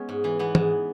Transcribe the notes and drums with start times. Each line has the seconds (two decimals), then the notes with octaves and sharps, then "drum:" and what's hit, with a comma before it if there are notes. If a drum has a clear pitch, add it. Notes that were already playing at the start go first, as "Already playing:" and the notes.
Already playing: G#3 B3 C#4
0.09 G#2
0.24 E3
0.39 E3 B3
0.55 G#2, drum: tom